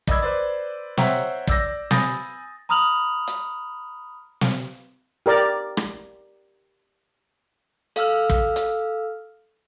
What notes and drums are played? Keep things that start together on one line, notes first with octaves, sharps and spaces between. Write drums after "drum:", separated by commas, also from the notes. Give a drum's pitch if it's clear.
D5 D#5 B5 D6 E6 G#6, drum: kick
B4 C5 D5
C5 C#5 E5 F#5 G5 A#5, drum: snare
D5 D6 E6 G6 A#6, drum: kick
G#5 B5 D#6 G6 A6 A#6, drum: snare
A#5 B5 D#6 F6 F7 F#7
drum: hi-hat
drum: snare
G4 A#4 D5
drum: rim click
A4 F5 E6 F6, drum: hi-hat
drum: kick
drum: hi-hat